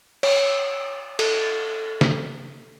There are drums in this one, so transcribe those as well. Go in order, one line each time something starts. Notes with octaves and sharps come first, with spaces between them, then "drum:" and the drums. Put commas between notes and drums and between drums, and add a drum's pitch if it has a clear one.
C#5, drum: cymbal
A4, drum: cymbal
drum: snare